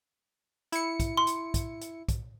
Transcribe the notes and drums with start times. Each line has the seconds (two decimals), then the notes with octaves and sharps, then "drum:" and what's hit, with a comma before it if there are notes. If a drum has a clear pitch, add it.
0.72 E4 C#7, drum: hi-hat
1.00 drum: kick, hi-hat
1.17 C6
1.27 drum: hi-hat
1.54 drum: kick, hi-hat
1.81 drum: hi-hat
2.08 drum: kick, hi-hat